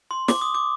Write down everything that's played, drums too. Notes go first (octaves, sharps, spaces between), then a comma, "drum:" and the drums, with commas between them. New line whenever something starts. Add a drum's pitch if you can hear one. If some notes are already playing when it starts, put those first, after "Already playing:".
C6
D6, drum: snare
D#6
D6